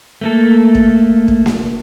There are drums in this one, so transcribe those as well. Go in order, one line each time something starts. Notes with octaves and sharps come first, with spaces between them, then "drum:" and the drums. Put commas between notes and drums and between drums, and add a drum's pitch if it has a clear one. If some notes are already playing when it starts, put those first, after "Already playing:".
A3 A#3 A4
drum: kick
drum: kick
drum: snare A#3